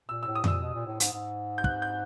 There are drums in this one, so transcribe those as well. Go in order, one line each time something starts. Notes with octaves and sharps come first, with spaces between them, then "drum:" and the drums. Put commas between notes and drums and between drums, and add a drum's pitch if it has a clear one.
A#2 E6
A2 E6
D#6
A#2 E6, drum: tom F2
B2
A#2
A2
G#2, drum: hi-hat
G#2
G6
F#6, drum: kick
G6